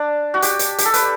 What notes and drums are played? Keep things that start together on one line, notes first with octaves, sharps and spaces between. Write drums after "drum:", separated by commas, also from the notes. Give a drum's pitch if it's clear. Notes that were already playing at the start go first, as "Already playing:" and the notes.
Already playing: D4
F#4
G4, drum: hi-hat
drum: hi-hat
G4, drum: hi-hat
A4
B4, drum: hi-hat